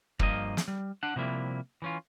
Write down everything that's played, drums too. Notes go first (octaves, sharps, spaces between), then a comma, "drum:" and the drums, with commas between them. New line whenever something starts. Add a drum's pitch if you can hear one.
G2 F3 A#3 D#5, drum: kick
drum: snare
G3
D4 F#5
C3 F3 G3 A#3 E4
E3 C#4 F4